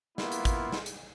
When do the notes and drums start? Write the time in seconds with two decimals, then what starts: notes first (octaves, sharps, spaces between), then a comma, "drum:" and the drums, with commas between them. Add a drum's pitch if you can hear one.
0.18 A#3 B3 E4 F4, drum: snare
0.32 drum: hi-hat
0.45 drum: kick G#1, hi-hat
0.72 drum: snare
0.86 drum: hi-hat